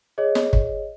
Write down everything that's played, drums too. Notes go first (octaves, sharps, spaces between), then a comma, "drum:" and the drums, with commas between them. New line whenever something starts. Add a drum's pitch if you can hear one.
G#4 C#5 D#5
drum: snare
drum: kick